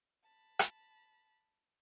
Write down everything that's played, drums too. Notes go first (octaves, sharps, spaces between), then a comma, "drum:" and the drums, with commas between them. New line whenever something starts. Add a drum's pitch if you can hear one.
A5 B5
drum: rim click